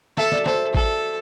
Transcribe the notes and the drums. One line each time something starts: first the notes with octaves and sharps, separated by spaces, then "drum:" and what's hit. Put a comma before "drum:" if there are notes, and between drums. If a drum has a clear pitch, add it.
A4 E5, drum: snare
D5, drum: snare
A4 C5, drum: snare
A4, drum: kick A1